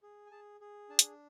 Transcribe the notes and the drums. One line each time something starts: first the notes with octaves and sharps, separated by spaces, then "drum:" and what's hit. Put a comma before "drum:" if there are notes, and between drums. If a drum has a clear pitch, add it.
G#4
G#5
G#4 A5
G#4
D4 A5
drum: hi-hat